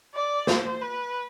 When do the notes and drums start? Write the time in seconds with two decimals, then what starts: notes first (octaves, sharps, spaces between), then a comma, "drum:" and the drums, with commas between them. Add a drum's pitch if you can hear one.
0.15 D5
0.47 C5, drum: snare
0.82 B4